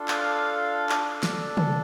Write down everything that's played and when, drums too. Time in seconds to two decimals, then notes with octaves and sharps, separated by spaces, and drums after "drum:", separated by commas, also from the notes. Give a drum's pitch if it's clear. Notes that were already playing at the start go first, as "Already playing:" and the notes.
Already playing: D4 F4 A4
0.08 F5, drum: clap
0.89 D4 A4, drum: clap
1.23 drum: snare
1.57 drum: tom